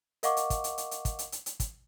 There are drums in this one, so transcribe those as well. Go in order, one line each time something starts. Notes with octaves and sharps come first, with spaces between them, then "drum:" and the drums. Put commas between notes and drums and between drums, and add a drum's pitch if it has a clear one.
A#4 D#5 F5 F#5 C#6 D6, drum: hi-hat
drum: hi-hat
drum: kick, hi-hat
drum: hi-hat
drum: hi-hat
drum: hi-hat
drum: kick, hi-hat
drum: hi-hat
drum: hi-hat
drum: hi-hat
drum: kick, hi-hat